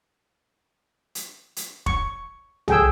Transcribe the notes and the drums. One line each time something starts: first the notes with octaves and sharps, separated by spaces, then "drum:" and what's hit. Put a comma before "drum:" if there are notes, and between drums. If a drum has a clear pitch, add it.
drum: hi-hat
drum: hi-hat
C#6, drum: kick F1
G#4 A4 G5 G#5 E6, drum: tom